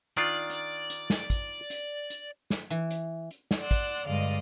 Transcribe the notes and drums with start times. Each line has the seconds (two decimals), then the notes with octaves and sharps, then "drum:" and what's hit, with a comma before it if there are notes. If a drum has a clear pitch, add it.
0.17 D#3 D4 F4 D5
0.50 drum: hi-hat
0.90 drum: hi-hat
1.10 drum: snare
1.30 drum: kick, hi-hat
1.70 drum: hi-hat
2.10 drum: hi-hat
2.50 drum: snare
2.70 E3
2.91 drum: hi-hat
3.31 drum: hi-hat
3.51 drum: snare
3.60 D5 F#5 C6 E6 F#6
3.71 drum: kick, hi-hat
4.07 G2 D3 G#3 D5 D#5 F5